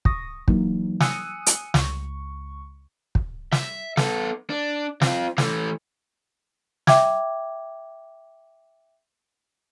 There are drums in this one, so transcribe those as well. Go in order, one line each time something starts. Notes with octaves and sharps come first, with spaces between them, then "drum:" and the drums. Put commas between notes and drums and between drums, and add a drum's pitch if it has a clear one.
C#6 D#6 A#6, drum: kick
E3 F#3 A#3 D#4, drum: kick
G#5 D#6 E6 F#6 C#7 D#7, drum: snare
drum: hi-hat
C#2 C#6, drum: snare
drum: kick
E5, drum: snare
B3 A4, drum: snare
D4
C4 F4, drum: snare
E3 A3, drum: snare
E5 G5 D6 G#6, drum: snare